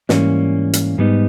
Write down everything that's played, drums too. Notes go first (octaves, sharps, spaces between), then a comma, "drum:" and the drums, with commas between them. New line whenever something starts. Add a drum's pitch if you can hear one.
G#2 E3 G3 A#3 C#4, drum: snare
drum: hi-hat
G#2 G3 B3 D#4